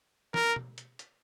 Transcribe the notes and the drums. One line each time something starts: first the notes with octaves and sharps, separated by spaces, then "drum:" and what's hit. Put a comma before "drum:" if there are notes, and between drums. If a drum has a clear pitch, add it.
A#4, drum: snare
drum: tom B2
drum: hi-hat
drum: hi-hat